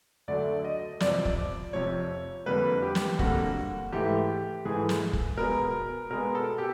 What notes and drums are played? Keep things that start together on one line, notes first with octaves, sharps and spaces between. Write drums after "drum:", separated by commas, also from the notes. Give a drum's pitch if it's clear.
D2 D3 F#3 A3 D5
D#5
F2 C3 F3 D5, drum: snare
drum: kick
F2 C3 F3 C#5
F2 D3 G3 A#3 B4
G4
drum: snare
F2 D3 G3 A#3 F#4, drum: kick
G#2 E3 A3 G4
G#2 E3 A3 G#4
drum: snare
drum: kick
B2 G#3 B3 A#4
B2 G#3 B3 A#4
A4
G4